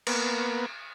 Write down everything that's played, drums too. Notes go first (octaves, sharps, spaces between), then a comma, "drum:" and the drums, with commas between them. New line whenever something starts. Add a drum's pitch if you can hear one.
A#3 B3, drum: cymbal